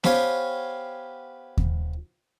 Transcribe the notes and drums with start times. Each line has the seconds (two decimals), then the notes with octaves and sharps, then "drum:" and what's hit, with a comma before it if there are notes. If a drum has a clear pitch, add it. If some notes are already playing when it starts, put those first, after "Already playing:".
0.04 B3 G4 C5 C#5 F5 G#5, drum: snare
1.57 drum: kick D#2